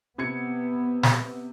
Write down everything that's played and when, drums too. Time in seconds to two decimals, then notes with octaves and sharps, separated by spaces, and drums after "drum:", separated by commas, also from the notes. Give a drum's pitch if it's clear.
0.18 C3 B3 G#6 C#7
1.03 drum: snare